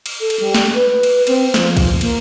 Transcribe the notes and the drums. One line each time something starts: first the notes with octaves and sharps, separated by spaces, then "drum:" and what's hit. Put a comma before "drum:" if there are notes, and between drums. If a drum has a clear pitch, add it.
drum: cymbal
A4
drum: cymbal
G3
drum: snare
B4
drum: cymbal
C4, drum: cymbal
F3, drum: snare
drum: kick, cymbal
A#3, drum: cymbal